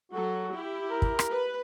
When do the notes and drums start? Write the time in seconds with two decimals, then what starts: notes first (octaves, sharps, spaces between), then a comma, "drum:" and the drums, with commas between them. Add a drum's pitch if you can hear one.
0.12 F#3 F#4 A4
0.52 E4 G4
0.91 A#4
1.02 drum: kick
1.19 drum: rim click
1.30 B4